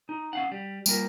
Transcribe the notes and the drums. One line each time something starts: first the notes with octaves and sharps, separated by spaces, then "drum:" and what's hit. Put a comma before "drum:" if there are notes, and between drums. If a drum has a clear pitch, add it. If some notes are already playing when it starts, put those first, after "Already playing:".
D#4
C#4 F5 F#5
G3
G3 A#3 F4 A#4, drum: tambourine